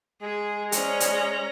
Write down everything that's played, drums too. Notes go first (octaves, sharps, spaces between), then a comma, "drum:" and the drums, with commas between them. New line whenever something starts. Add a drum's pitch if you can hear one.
G#3 G#4
C#4 C5 D5 G#5 A#5, drum: hi-hat
drum: hi-hat